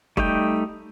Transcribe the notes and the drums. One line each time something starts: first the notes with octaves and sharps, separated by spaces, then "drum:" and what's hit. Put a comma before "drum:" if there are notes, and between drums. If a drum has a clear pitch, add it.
G3 A3 D#4 G5, drum: kick